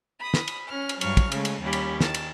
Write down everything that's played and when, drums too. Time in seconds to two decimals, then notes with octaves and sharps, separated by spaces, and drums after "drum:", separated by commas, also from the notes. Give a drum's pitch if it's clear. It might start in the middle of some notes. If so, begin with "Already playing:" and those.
0.21 B5 D#6
0.34 drum: snare
0.48 drum: cymbal
0.68 C#4 F6
0.89 drum: cymbal
1.01 G2 F#3 C#6 F6, drum: cymbal
1.17 drum: kick, cymbal
1.32 C#3 G#3 A3, drum: cymbal
1.45 drum: cymbal
1.62 D#2 G3 C#4 G4 B5
1.73 drum: cymbal
2.01 D#3 A5, drum: snare
2.14 drum: cymbal